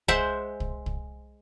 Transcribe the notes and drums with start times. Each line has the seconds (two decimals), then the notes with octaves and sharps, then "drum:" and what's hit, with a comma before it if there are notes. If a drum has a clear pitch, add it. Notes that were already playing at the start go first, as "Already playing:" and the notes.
0.08 G#3 C5 E5 F#5, drum: kick
0.60 drum: kick
0.86 drum: kick